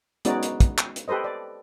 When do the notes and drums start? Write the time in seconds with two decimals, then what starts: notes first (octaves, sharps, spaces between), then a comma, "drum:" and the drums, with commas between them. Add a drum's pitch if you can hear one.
0.25 G#3 B3 C#4 D#4 F#4 D5, drum: hi-hat
0.43 drum: hi-hat
0.60 drum: kick, hi-hat
0.78 drum: clap
0.96 drum: hi-hat
1.08 G4 A4 B4 C5 D#5
1.24 D5